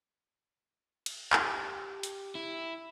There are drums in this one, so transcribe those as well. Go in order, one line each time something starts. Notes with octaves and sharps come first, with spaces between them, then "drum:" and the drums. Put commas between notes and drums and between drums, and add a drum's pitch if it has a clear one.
drum: cymbal
G4, drum: clap
drum: hi-hat
E4